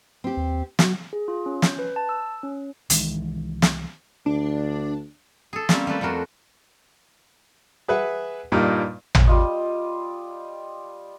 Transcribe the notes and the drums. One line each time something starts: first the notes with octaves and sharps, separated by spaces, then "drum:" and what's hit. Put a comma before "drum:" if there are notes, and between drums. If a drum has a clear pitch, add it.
C4 G4
D#2
F#3 F#4, drum: snare
G#4
F4
C#4
G6, drum: snare
B4
A5
E6
C#4
C2 D#3 E3 G#3, drum: hi-hat
drum: snare
D2 D4
G#4 A4
G3 A#3 C4 C#4, drum: snare
G3 A3 B4 D5
F2 A3 F#4 A#4 C5
G#4 B4 E5 F#5
G2 A#2 G3 A#3 D#4
drum: tom
G3 F4 D#5